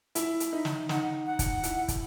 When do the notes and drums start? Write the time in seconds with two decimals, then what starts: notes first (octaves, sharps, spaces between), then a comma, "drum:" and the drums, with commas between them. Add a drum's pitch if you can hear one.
0.15 E4, drum: hi-hat
0.40 drum: hi-hat
0.53 D#4 E5
0.65 drum: snare
0.89 D#4 F#5, drum: snare
1.26 F#5
1.39 drum: kick, hi-hat
1.63 E4, drum: hi-hat
1.88 drum: kick, hi-hat